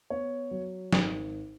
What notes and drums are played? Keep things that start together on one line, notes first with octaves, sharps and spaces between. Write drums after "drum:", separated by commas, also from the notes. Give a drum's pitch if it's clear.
B3 C#5
F#3
G#1, drum: snare F3